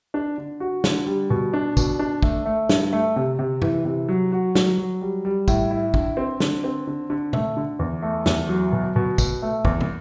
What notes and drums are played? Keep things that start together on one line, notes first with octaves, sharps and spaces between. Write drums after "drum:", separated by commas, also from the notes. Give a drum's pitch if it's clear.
D4
D3
F#4
D3, drum: snare
G3
B2
D4
B2, drum: kick, tambourine
D4
A3, drum: kick
A3
G2, drum: snare
A3
C3
C3
E3, drum: tom G2
C3
F#3
F#4
F#3, drum: snare
F#3
G3
G3
A2, drum: kick, tambourine
E4
D3, drum: kick
C4
D3, drum: snare
C4
D3
D3
A3, drum: tom A#2
D3
E2
A3
E2, drum: snare
F#3
B2
B2
B2, drum: kick, tambourine
A3
E2, drum: kick
drum: tom